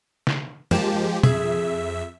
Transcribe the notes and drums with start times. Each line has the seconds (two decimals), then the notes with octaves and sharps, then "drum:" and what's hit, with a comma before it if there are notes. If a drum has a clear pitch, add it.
0.27 drum: snare
0.71 F3 G#3 A#3 G4 A5, drum: tom
1.23 F2 G#4 E5, drum: tom